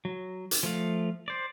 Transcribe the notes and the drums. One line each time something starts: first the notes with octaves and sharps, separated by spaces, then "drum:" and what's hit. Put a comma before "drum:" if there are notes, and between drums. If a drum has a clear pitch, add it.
F#3
drum: hi-hat
F3 A3 F5
C5 D5